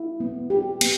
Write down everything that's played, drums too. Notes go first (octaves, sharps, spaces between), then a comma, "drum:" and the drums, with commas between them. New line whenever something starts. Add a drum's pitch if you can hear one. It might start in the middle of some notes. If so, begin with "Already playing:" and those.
Already playing: E4
B3
G4
B3, drum: cymbal